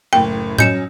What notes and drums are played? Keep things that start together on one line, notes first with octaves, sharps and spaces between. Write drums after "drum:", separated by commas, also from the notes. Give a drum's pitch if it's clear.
F#1 A2 G5
F#3 C#4 D#5 G6 C#7 E7, drum: tom A2